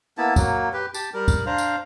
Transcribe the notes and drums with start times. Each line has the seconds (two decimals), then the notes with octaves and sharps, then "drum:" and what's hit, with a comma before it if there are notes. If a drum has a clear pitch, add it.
0.18 A#3 B3 E4 A5
0.36 F#3 A#3, drum: kick, tambourine
0.73 G4 B4
0.94 G4 A5, drum: tambourine
1.14 G3 A#4
1.28 drum: kick, tambourine
1.46 D4 C5 F5 A#5
1.58 drum: tambourine